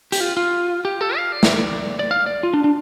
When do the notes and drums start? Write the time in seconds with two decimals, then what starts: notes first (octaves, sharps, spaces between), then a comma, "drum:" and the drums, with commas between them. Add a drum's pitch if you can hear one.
0.12 G4, drum: hi-hat
0.21 F4
0.37 F4
0.85 G4
1.01 A4
1.16 F5
1.32 D5
1.43 drum: snare
1.99 D5
2.11 F5
2.26 D5
2.43 F4
2.54 D4
2.64 D4